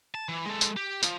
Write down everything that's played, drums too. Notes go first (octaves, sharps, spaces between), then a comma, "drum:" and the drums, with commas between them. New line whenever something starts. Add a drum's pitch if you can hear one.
A5
E3
G#3 A4
drum: tambourine
G4
F3, drum: tambourine